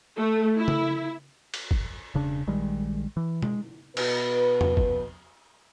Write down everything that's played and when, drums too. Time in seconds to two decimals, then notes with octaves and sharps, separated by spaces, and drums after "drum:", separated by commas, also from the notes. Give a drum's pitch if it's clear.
0.16 A3
0.56 E4
0.68 drum: tom C#3
1.54 drum: cymbal
1.71 drum: kick
2.14 E1 C#3 D4
2.47 A#1 D#3 G3 G#3
3.17 E3
3.42 G#3, drum: tom B2
3.97 B2 B4, drum: cymbal
4.61 drum: tom E2
4.77 drum: kick